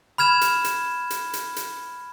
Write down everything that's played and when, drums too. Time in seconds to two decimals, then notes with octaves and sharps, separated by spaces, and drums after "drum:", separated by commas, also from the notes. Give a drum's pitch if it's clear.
0.18 B5 F6 G#6 E7
0.41 drum: hi-hat
0.64 drum: hi-hat
1.10 drum: hi-hat
1.33 drum: hi-hat
1.56 drum: hi-hat